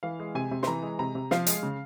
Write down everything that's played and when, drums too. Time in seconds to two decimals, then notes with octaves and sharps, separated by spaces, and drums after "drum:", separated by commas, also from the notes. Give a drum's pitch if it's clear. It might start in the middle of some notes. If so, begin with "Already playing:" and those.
0.03 E3 F5
0.19 G#3
0.35 C3 G#5
0.51 C3
0.63 C6, drum: snare
0.67 E3 A#5
0.82 G#3
0.99 C3 A#5
1.15 C3
1.31 F3 F5, drum: snare
1.47 G#3, drum: hi-hat
1.63 C#3